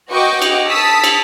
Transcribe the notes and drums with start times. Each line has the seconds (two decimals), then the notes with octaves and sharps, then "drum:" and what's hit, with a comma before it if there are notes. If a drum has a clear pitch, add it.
0.11 F#4 B4 D#5 G5 C#6 D6
0.42 drum: cymbal
0.67 A5 D#6 E6 B6
1.04 drum: cymbal